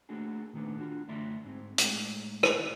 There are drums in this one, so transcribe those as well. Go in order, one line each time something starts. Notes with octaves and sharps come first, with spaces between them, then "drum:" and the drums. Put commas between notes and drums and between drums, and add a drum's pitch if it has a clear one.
A3 A#3 D4 F#4 G#4
A#2 D#3 A3 B3 D4
D4 F4 F#4
F#2 D3 A3 D5 E5 C6
G#2 C4
A2 G#3, drum: hi-hat
drum: rim click